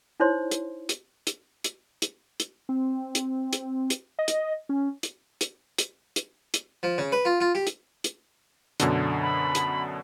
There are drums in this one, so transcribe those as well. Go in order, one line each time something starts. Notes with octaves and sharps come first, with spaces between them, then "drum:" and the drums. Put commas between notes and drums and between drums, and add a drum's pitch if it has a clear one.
D#4 E4 C5 C#5 C6
drum: hi-hat
drum: hi-hat
drum: hi-hat
drum: hi-hat
drum: hi-hat
drum: hi-hat
C4
drum: hi-hat
drum: hi-hat
drum: hi-hat
D#5
drum: hi-hat
C#4
drum: hi-hat
drum: hi-hat
drum: hi-hat
drum: hi-hat
drum: hi-hat
F3
C#3
B4
F4
F4
G4
drum: hi-hat
drum: hi-hat
F#2 B2 D3, drum: hi-hat
B5
drum: hi-hat